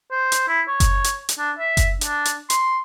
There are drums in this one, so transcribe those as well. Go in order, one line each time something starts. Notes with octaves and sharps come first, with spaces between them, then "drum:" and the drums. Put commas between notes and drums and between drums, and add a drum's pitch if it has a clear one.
C5
drum: hi-hat
E4
C#5
drum: kick F#1, hi-hat
drum: hi-hat
drum: hi-hat
D4
E5
drum: kick F#1, hi-hat
D4, drum: hi-hat
drum: hi-hat
C6, drum: hi-hat